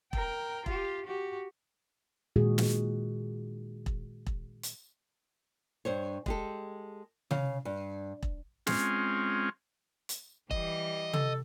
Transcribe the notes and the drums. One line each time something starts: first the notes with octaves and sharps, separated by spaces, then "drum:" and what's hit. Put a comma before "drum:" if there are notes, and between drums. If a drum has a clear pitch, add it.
A#4 G5, drum: kick E1
F4 G4, drum: kick E1
F#4 G4
A#2 D#3 G#3 F#4 G#4
drum: snare
drum: kick E1
drum: kick E1
drum: hi-hat
G2 C5 C#5
G#3 G4 A4, drum: kick E1
C#3 F5, drum: tom
G2
drum: kick E1
G#3 C4 C#4 F4, drum: snare
drum: hi-hat
E3 G3 D#5, drum: kick E1
A4, drum: tom